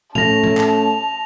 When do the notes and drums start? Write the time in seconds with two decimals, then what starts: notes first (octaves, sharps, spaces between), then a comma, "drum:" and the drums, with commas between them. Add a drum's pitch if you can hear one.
0.15 A3 C#4 A5 A#6 F7, drum: tom A2
0.44 drum: tom A2
0.57 drum: clap